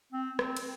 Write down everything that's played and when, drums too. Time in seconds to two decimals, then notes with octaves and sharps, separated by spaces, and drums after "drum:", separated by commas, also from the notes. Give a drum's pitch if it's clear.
0.12 C4
0.39 C4, drum: rim click
0.57 drum: cymbal